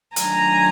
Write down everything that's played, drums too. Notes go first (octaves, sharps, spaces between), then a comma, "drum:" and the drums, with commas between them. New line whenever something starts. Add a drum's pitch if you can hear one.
D#3 F#3 A3 D4 F4 G#5 A#5, drum: hi-hat